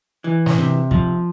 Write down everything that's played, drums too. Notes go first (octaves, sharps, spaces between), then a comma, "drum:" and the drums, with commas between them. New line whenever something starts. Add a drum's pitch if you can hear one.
E3
drum: snare
C3
F3, drum: kick